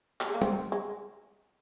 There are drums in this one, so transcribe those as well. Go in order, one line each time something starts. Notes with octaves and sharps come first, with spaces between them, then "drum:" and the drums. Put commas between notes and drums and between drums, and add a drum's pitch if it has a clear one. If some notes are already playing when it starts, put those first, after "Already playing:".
G3, drum: clap
G#3
A#3
C4, drum: tom
G#3